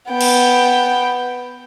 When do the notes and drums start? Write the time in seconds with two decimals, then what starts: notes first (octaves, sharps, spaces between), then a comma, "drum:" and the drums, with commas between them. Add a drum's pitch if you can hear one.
0.10 B3 G5
0.21 drum: cymbal